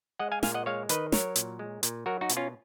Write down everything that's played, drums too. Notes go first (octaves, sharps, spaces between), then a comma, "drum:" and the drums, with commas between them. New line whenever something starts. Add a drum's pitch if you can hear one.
G#3 D#5 F#5
F5 G#5
A#2 F5 G#5, drum: snare
D#5 F#5
G#3 C#5 F5
D#3 B4 D#5, drum: hi-hat
F#3 A#4 C#5, drum: snare
A#2, drum: hi-hat
G#3
A#2, drum: hi-hat
F#3 F#4 A#4
D#4 F#4
B2, drum: hi-hat
C#4 F4